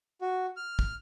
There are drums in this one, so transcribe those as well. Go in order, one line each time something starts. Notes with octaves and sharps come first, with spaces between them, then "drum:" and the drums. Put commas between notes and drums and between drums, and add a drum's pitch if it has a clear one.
F#4
F6
drum: kick